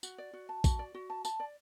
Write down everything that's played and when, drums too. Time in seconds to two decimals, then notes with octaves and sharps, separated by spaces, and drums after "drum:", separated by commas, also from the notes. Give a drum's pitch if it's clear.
0.03 F#4, drum: tambourine
0.18 D5
0.33 F#4
0.49 A5
0.64 F#4, drum: kick, tambourine
0.79 D5
0.94 F#4
1.10 A5
1.25 A5, drum: tambourine
1.40 D5